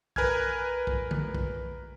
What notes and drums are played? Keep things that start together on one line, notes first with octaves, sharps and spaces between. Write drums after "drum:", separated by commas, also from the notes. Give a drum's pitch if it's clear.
A#4 B4 G#5 F6 G#6, drum: kick B1
drum: kick B1
drum: tom
drum: kick B1